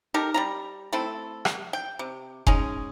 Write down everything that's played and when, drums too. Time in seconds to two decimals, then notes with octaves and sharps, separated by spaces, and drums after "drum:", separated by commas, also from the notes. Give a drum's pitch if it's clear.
0.14 D#4 G4 A4 A#4
0.34 G3 F4 A#5
0.92 A3 C4 E4 A4
1.45 drum: rim click
1.73 G5
1.99 C3
2.47 G#3 C#4 D#4 G#4, drum: kick F1